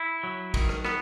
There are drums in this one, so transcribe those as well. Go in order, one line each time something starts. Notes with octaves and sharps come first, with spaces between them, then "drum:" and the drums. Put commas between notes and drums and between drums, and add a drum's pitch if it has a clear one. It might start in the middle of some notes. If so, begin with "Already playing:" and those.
Already playing: E4
F#3
D#3, drum: kick, cymbal
drum: rim click
B3, drum: rim click